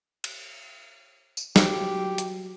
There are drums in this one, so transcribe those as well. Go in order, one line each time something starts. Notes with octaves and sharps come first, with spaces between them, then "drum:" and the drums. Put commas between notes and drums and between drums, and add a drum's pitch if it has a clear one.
drum: cymbal
drum: tambourine
F#3 G4, drum: snare
drum: hi-hat